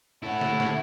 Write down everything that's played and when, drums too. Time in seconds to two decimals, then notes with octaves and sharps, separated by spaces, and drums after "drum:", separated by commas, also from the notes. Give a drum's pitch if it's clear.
0.23 E4 A4 C#5 F#5
0.41 drum: snare
0.60 drum: snare